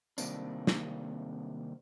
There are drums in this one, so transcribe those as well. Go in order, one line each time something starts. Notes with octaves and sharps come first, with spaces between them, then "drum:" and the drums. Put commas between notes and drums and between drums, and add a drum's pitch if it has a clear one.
C3 D#3 G3 A#3 C4 D4, drum: tambourine
drum: snare